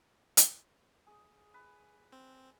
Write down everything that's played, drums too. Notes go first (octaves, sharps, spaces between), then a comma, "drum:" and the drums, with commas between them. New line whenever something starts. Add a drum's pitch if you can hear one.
drum: hi-hat
G#4
B4
C4